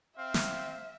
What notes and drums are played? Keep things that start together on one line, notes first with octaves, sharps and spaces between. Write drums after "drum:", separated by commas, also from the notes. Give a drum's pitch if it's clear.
C4 E5 F5
drum: snare